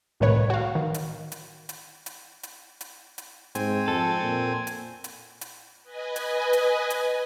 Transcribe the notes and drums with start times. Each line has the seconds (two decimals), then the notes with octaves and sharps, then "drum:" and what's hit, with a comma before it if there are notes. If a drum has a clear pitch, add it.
0.20 C2 A2 D#3 B4 C#5
0.50 F#4 F5
0.75 D#3
0.94 drum: hi-hat
1.32 drum: hi-hat
1.69 drum: hi-hat
2.06 drum: hi-hat
2.43 drum: hi-hat
2.81 drum: hi-hat
3.18 drum: hi-hat
3.55 G#2 C4 G#5, drum: hi-hat
3.88 F2 A4
4.23 A#2
4.67 drum: hi-hat
5.04 drum: hi-hat
5.41 drum: hi-hat
5.83 B4 D#5 G#5
6.16 drum: hi-hat
6.53 drum: hi-hat
6.90 drum: hi-hat